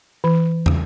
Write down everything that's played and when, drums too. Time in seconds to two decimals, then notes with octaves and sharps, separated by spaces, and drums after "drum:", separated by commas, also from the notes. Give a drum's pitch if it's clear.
0.24 E3
0.66 drum: tom